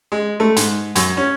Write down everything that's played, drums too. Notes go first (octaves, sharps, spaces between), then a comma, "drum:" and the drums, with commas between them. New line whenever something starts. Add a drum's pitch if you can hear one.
G#3
A3
G#2, drum: hi-hat
F#2, drum: hi-hat
C#4